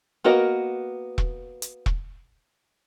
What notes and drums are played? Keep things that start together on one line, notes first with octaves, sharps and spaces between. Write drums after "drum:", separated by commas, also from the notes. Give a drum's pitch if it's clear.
A#3 B3 F#4 A#4 D#5
drum: kick E1
drum: hi-hat
drum: kick E1